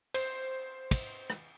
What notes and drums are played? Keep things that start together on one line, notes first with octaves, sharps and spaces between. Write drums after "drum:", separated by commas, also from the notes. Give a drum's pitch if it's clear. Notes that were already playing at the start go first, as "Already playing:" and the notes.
C5, drum: cymbal
drum: kick, cymbal
drum: rim click